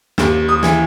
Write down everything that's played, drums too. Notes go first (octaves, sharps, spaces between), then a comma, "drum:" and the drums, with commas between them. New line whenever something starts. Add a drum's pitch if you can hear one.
D#2, drum: snare
D#6
E3, drum: snare